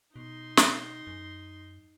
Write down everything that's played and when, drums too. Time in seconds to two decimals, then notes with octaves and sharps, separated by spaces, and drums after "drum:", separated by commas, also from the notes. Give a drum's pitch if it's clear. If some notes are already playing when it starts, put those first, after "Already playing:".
0.16 B2 D#4 C6
0.57 drum: snare
1.07 F#2